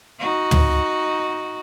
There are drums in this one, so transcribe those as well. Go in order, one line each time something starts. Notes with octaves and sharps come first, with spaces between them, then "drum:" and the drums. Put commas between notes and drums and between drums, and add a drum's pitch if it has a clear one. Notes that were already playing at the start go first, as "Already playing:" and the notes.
D#4 F#4
drum: tom